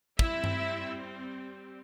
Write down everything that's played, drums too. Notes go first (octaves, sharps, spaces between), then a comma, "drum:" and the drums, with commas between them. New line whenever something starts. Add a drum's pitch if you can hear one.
G3 C4 E4 E5, drum: kick
drum: tom G2